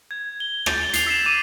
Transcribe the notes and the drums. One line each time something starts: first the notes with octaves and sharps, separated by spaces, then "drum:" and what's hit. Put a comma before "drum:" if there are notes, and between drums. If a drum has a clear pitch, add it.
G#6
G7
G6 A6, drum: rim click
C7 F7, drum: hi-hat
E6 B6 C7 E7
D6 D#7